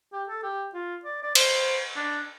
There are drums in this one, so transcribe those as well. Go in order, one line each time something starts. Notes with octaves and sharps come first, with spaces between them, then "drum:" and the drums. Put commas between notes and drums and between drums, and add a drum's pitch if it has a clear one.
G4
A4
G4
F4
D5
D5
C5, drum: cymbal
D4